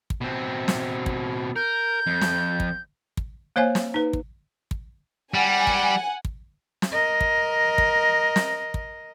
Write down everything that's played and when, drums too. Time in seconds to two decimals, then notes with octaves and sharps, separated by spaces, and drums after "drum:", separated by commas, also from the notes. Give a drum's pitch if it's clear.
0.10 drum: kick
0.21 B2 C4
0.68 drum: snare
1.06 drum: kick
1.56 A#4 G6
2.07 F2
2.21 drum: snare
2.60 drum: kick
3.17 drum: kick
3.56 A#3 C5 C#5 F5 G#5
3.75 drum: snare
3.94 D#4 B4
4.13 drum: kick
4.71 drum: kick
5.34 G3 F#5 G#5
5.67 drum: kick
6.25 drum: kick
6.82 drum: snare
6.92 A#4 D#5
7.21 drum: kick
7.78 drum: kick
8.36 drum: snare
8.74 drum: kick